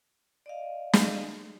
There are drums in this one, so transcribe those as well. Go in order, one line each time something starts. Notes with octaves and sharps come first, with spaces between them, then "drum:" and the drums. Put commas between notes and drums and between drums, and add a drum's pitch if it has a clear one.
D5 D#5 F5
G#4, drum: snare